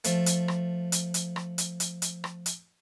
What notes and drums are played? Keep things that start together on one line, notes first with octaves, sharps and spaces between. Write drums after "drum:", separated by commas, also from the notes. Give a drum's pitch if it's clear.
F3 A3, drum: hi-hat
drum: hi-hat
drum: rim click
drum: hi-hat
drum: hi-hat
drum: rim click
drum: hi-hat
drum: hi-hat
drum: hi-hat
drum: rim click
drum: hi-hat